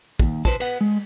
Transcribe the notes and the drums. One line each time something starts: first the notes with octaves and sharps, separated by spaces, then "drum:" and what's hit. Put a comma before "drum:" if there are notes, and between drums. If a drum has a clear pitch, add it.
D#2, drum: kick
B4 C5 A5, drum: kick
B4 F#5, drum: cymbal
G#3